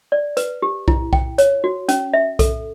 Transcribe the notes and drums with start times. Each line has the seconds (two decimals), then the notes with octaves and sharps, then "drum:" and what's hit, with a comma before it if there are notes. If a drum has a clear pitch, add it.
0.12 D5
0.37 B4, drum: hi-hat
0.62 G4
0.88 E4, drum: kick B1
1.13 G5, drum: kick B1
1.38 C#5, drum: hi-hat
1.64 F#4
1.88 C#4, drum: hi-hat
2.14 E5
2.39 A4, drum: kick B1, hi-hat